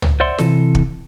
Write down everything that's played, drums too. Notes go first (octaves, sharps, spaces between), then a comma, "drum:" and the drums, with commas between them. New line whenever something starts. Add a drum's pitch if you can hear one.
drum: tom
C5 D5 E5 F#5 C6
C3 E3 A4, drum: snare
drum: kick